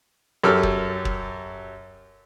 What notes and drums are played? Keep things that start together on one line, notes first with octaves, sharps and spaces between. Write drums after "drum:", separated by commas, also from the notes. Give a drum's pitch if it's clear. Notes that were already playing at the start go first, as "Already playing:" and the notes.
F#2 G4 A4 E6 F6
drum: kick
drum: kick